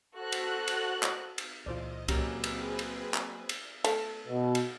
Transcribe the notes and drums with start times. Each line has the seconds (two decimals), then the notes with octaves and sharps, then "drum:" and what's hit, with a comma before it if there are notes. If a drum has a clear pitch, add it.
0.16 F#4 A4 C5 F#6
0.32 drum: cymbal
0.68 drum: cymbal
1.03 drum: clap
1.38 drum: cymbal
1.66 C#2 A#2 E3 F4 C5 D5 D#5
2.08 F#3 A#3 C4 C#4 G4 G#4 B4 A#5, drum: kick C2, cymbal
2.44 drum: cymbal
2.79 drum: cymbal
3.14 drum: clap
3.49 drum: cymbal
3.84 A3, drum: cymbal
4.27 B2
4.55 drum: cymbal